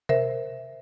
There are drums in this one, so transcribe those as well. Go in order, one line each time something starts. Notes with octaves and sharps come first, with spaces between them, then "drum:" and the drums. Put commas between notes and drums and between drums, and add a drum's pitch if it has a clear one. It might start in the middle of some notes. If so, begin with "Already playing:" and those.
A#4 C5 E5, drum: tom B2